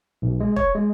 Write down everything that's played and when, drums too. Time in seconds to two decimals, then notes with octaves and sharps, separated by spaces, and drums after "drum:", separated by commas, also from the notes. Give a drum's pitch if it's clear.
0.22 B1
0.40 G#3
0.56 C#5, drum: kick
0.75 G#3